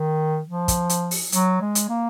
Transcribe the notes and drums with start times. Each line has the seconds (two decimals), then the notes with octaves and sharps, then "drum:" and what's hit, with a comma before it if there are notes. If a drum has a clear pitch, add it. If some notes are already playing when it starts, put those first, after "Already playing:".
Already playing: D#3
0.46 F3
0.68 drum: kick, hi-hat
0.89 drum: hi-hat
1.11 drum: open hi-hat
1.32 F#3, drum: hi-hat
1.61 G#3
1.75 drum: hi-hat
1.89 A#3